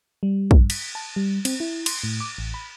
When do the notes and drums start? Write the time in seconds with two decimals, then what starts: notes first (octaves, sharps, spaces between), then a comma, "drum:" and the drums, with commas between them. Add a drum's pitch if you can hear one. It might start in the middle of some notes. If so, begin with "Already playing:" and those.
0.23 G3
0.51 G2, drum: kick
0.70 B6, drum: cymbal
0.95 A5
1.16 G3
1.45 C4, drum: cymbal
1.60 E4
1.86 C6, drum: cymbal
2.04 A2
2.20 D6
2.38 A1
2.54 B5